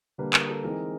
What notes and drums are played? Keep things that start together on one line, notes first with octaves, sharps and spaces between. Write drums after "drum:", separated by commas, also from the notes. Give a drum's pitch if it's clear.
D3 G3 A#3 D4 B4
A#4, drum: clap
A4
E3 G#3 C4 D#4 A#4